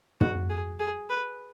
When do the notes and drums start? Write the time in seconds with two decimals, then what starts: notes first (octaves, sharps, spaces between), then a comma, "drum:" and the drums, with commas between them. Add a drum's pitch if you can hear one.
0.21 F#4, drum: tom
0.50 G#4
0.79 G#4
1.09 B4